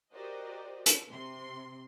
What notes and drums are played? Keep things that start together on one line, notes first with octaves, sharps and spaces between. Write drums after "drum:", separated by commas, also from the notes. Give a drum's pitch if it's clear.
F#4 G4 A#4 C5 D5 D#5
drum: hi-hat
C3 C6